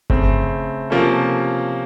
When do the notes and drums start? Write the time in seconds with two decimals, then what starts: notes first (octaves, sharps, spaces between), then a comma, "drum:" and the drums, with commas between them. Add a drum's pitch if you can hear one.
0.10 C#3 A3 C4, drum: kick G1
0.90 C3 F3 A#3 C#4 A4